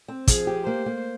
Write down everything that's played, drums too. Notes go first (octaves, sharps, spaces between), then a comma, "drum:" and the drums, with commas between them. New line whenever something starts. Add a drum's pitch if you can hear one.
C4
F3 G#4, drum: kick, hi-hat
G4
A#3 C5
A#3